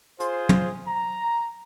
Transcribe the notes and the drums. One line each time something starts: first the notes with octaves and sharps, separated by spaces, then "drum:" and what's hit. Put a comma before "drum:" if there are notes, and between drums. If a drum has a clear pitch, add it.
F4 G#4 C5, drum: hi-hat
drum: tom
A#5